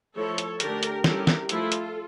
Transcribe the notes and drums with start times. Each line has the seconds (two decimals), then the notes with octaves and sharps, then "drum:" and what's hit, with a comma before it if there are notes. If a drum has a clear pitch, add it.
0.16 F3 A3 E4 A4 C#5
0.38 drum: hi-hat
0.60 D3 A3 D4 G4 A#4, drum: hi-hat
0.83 drum: hi-hat
1.04 D3 G3 C#4 E4 G4 A#4, drum: snare
1.27 drum: snare
1.49 F3 A3 E4 F4 A4, drum: hi-hat
1.72 drum: hi-hat